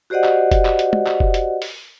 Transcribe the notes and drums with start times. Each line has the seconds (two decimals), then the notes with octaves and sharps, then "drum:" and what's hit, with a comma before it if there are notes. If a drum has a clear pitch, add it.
0.10 F#4 G4 C5 D5 D#5 F#5
0.24 drum: clap
0.51 drum: kick F1, hi-hat
0.65 drum: clap
0.79 drum: hi-hat
0.93 drum: tom
1.07 drum: clap
1.20 drum: kick F1
1.34 drum: hi-hat
1.62 drum: open hi-hat